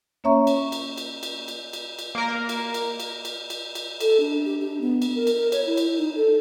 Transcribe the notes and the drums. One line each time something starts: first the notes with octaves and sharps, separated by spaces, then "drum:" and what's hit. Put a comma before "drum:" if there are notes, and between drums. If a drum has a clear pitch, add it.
A#3 C#4 C#5 E5 A#5 C#6
drum: cymbal
drum: cymbal
drum: cymbal
drum: cymbal
drum: cymbal
drum: cymbal
drum: cymbal
A#3 A#4
drum: cymbal
drum: cymbal
drum: cymbal
drum: cymbal
drum: cymbal
drum: cymbal
A4, drum: cymbal
D4
G4
D4
B3
drum: cymbal
A#4
drum: cymbal
A#4
C#5, drum: cymbal
E4
drum: cymbal
D#4
A4